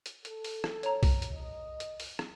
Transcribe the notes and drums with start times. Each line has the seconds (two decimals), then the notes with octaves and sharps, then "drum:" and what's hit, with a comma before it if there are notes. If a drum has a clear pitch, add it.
0.06 drum: hi-hat
0.25 A4, drum: hi-hat
0.44 drum: open hi-hat
0.64 drum: rim click
0.83 C#5 A#5, drum: hi-hat
1.03 drum: kick B1, open hi-hat
1.22 drum: hi-hat
1.33 D#5
1.80 drum: hi-hat
2.00 drum: open hi-hat
2.19 drum: rim click